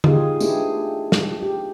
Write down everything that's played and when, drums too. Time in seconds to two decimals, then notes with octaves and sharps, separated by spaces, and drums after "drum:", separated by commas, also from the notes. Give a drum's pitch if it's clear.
0.04 D#4 F4 G4 G#4, drum: tom D3
0.40 A3 B3 D4 E4 G4 G#4, drum: tambourine
1.12 drum: snare
1.43 G4